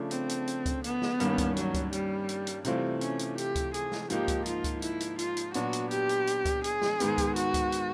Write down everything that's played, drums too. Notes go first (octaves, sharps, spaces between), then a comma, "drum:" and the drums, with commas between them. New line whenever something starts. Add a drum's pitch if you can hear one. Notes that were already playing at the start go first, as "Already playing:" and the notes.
Already playing: C#3 F3 A3 D4
C4, drum: hi-hat
drum: hi-hat
drum: hi-hat
drum: kick C#2, hi-hat
B3, drum: hi-hat
drum: snare
G2 D#3 G3 A#3 C#4, drum: hi-hat
drum: kick C#2, hi-hat
F#3, drum: hi-hat
drum: kick C#2, hi-hat
G3, drum: hi-hat
drum: hi-hat
drum: hi-hat
C3 E3 G3 A3 C4 F4, drum: hi-hat
C#4, drum: hi-hat
drum: hi-hat
G4, drum: hi-hat
drum: kick C#2, hi-hat
G#4, drum: hi-hat
drum: snare
G#2 F3 A#3 D#4 G4, drum: hi-hat
drum: kick C#2, hi-hat
F4, drum: hi-hat
drum: kick C#2, hi-hat
E4, drum: hi-hat
drum: hi-hat
F4, drum: hi-hat
drum: hi-hat
A#2 F#3 B3 D4 F#4, drum: hi-hat
drum: hi-hat
G4, drum: hi-hat
drum: hi-hat
drum: hi-hat
drum: kick C#2, hi-hat
G#4, drum: hi-hat
drum: snare
G#2 D#3 G#3 B3, drum: hi-hat
drum: kick C#2, hi-hat
F#4, drum: hi-hat
drum: kick C#2, hi-hat
drum: hi-hat